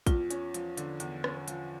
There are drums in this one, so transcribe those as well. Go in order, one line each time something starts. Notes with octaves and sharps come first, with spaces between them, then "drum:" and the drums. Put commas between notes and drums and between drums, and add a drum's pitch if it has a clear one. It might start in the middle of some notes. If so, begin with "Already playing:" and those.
E2 F4, drum: kick, hi-hat
C#4, drum: hi-hat
F3, drum: hi-hat
D3, drum: hi-hat
E2, drum: hi-hat
C#4, drum: rim click
F3, drum: hi-hat